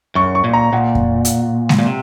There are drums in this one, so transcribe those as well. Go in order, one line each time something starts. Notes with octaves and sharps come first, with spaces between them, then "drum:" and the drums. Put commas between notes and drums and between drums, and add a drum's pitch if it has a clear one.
F#2 C#6
C#6
A#2
A#5
A#2 F#5
drum: kick F2
drum: hi-hat
drum: snare G#3
A#2
C3